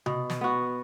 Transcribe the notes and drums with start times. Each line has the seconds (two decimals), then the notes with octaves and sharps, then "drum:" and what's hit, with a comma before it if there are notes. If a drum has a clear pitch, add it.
0.06 B2, drum: tom C3
0.30 drum: snare
0.41 B3 F#4